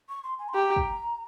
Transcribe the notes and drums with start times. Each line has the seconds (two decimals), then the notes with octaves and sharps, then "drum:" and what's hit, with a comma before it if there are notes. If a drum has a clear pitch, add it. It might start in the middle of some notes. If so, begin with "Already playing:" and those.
0.09 C#6
0.24 C6
0.39 G#5
0.49 C6
0.54 G4 A#5
0.76 drum: kick